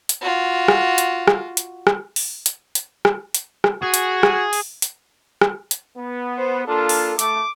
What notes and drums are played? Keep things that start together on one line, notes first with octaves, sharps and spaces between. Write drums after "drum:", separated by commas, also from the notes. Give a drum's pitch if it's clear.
drum: hi-hat
F4 F#4
drum: rim click
drum: hi-hat
drum: rim click
drum: hi-hat
drum: rim click
drum: open hi-hat
drum: hi-hat
drum: hi-hat
drum: rim click
drum: hi-hat
drum: rim click
F#4 G#4
drum: hi-hat
drum: rim click
drum: open hi-hat
drum: hi-hat
drum: rim click
drum: hi-hat
B3
C5
A#3 D4 F4 A4
drum: open hi-hat
A3 D6, drum: hi-hat